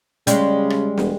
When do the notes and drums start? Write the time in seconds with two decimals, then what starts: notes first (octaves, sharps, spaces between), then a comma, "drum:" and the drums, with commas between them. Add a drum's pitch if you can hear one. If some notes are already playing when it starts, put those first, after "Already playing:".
0.27 C#3 G3 G#3, drum: hi-hat
0.70 drum: rim click
0.97 E1, drum: snare